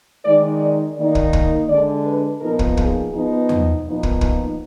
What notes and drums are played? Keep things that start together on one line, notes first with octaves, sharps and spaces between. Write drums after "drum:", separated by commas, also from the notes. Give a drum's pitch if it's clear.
D#3 G#3 D#4 D5
D5
D#3 A#3 D#4 D5
drum: kick
drum: kick
D3 G#3 D4 D5
B4
A#2 F3 B3 D#4 A#4
drum: kick
G#4, drum: kick
F3 B3 D#4
drum: tom E2
A#2 F3 B3 D#4
drum: kick
drum: kick